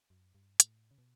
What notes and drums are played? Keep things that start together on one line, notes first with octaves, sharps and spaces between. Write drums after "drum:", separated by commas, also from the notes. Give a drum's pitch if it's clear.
F#2
G2
A2, drum: hi-hat
C#3
B2